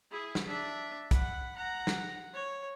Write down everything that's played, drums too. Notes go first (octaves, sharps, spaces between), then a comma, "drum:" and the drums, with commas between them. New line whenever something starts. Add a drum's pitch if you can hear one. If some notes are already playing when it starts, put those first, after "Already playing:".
E4 G#4
drum: snare
D4 E5
F#5 B5, drum: kick, hi-hat
F#5 A#5
drum: snare
C#5